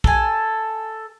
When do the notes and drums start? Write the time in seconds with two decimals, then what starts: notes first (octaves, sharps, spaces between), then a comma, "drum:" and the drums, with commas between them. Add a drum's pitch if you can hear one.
0.04 A4 G#5, drum: kick